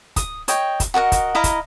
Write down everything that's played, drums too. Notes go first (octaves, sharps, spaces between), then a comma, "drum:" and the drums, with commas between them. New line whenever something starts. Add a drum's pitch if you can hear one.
D#6, drum: kick, hi-hat
C#5 D#5 G5, drum: hi-hat
drum: kick, hi-hat
F#4 A#4 D#5 F#5
drum: kick, hi-hat
E4 D#5 F5 A#5
drum: kick, hi-hat